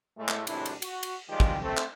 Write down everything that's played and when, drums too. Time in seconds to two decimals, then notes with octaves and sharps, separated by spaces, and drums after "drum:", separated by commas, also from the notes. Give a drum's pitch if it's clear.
0.17 A2 G#3 A3
0.28 drum: clap
0.47 G#1 F#2 A2 C3 D4 E4, drum: cymbal
0.66 drum: cymbal
0.82 F#4, drum: cymbal
1.03 drum: cymbal
1.28 D#3 F3 G3 G#3 F4 G4
1.40 drum: kick
1.62 A3 C4
1.77 drum: clap